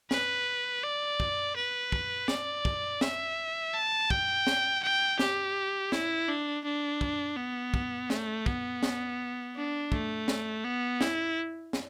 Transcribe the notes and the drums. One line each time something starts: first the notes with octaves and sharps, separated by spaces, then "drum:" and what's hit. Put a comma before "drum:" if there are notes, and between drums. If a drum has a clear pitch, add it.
B4, drum: snare
D5
drum: kick
B4
drum: kick
D5, drum: snare
drum: kick
E5, drum: snare
A5
G5, drum: kick
drum: snare
G5
G4, drum: snare
E4, drum: snare
D4
D4
drum: kick
B3
drum: kick
A3, drum: snare
B3, drum: kick
drum: snare
D4
A3, drum: kick
drum: snare
B3
E4, drum: snare
drum: snare